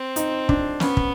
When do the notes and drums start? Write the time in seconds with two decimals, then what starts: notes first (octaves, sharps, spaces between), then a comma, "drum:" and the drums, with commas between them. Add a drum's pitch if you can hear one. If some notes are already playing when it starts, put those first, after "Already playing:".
Already playing: C4
0.16 D#4, drum: hi-hat
0.49 D4, drum: kick
0.80 B3 C#4, drum: snare
0.97 drum: kick